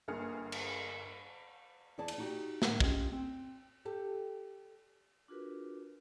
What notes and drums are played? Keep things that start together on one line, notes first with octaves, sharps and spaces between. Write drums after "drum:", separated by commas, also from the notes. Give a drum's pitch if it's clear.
G1 G2 A#3 G#4 F6 C#7
drum: cymbal
E2 E4 G#4 D5 A5
drum: cymbal
D#4 F#4 G4
A2 D3 G#3 F#5 G#5, drum: snare
C#4 F4 G4 G#4 D#5, drum: kick
C4
G4 A4
D4 F4 F#4 G#4 A#4 B4